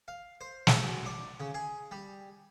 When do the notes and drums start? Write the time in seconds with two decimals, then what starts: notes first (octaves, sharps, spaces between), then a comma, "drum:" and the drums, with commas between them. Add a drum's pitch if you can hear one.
0.08 F5
0.41 C5
0.67 drum: snare
0.84 F#2
1.06 D5
1.40 C#3
1.54 G#4
1.91 G3